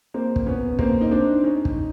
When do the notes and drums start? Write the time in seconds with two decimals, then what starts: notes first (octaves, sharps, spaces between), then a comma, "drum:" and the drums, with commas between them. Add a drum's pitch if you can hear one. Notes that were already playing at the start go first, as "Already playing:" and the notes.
0.14 A#3 C4
0.36 drum: kick
0.46 B3 C#4
0.79 A#3 C4, drum: kick
1.01 D#4
1.11 C4 D4
1.44 C#4 D#4
1.65 drum: kick